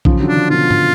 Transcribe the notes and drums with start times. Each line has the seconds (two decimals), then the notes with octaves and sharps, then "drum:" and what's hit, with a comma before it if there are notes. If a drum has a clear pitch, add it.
0.05 C#3 F3, drum: kick A#1
0.20 D3 F#3
0.28 D4
0.35 C#3 F3
0.50 B2 D3 F4
0.71 drum: tom